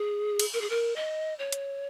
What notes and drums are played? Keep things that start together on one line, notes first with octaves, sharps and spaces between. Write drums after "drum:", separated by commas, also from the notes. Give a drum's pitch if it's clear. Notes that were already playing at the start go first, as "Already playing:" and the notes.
Already playing: G#4
drum: cymbal
A#4
G#4
A#4
D#5
C#5
drum: hi-hat